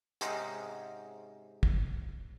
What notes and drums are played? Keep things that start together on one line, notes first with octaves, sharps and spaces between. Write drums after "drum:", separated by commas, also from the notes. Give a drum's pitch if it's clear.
G#2 C3 C4 C#4 D#4, drum: hi-hat
drum: kick